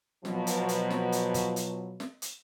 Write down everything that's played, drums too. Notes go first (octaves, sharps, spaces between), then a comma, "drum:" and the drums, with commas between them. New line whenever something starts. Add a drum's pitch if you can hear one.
B2 F3 F#3, drum: snare
drum: hi-hat
drum: hi-hat
drum: snare
drum: hi-hat
drum: kick, hi-hat
drum: hi-hat
drum: snare
drum: hi-hat